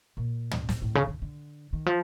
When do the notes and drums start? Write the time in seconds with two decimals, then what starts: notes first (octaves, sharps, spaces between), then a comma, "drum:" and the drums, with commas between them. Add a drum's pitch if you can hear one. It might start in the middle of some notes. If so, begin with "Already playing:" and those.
0.17 A#2
0.51 drum: tom
0.69 A2, drum: snare
0.82 A2
0.95 C#3
1.08 D3
1.22 D3
1.73 D#3
1.86 F3